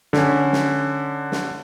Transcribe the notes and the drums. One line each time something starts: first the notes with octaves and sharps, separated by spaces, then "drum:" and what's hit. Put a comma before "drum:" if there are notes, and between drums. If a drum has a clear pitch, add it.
D3 C#4, drum: snare
drum: snare
drum: snare